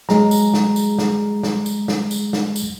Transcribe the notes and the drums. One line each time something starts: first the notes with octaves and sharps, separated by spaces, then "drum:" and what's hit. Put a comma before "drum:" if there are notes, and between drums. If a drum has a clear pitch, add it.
F#3 G#3 G#4 A#5, drum: snare
drum: tambourine
drum: snare
drum: tambourine
drum: snare
drum: snare
drum: tambourine
drum: snare
drum: tambourine
drum: snare
drum: tambourine